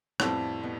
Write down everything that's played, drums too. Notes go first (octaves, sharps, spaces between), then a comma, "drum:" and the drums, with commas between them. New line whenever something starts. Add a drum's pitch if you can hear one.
F2 A2 G3 B3 F4 A4, drum: rim click
B2 G3 B3